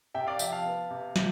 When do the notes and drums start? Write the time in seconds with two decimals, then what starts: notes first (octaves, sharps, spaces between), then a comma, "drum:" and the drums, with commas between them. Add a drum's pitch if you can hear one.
0.14 C3 E5 G5
0.27 D5 F5
0.39 F3 E5 G5, drum: tambourine
0.52 F5 A5
0.66 B3
0.91 C3
1.16 C3, drum: snare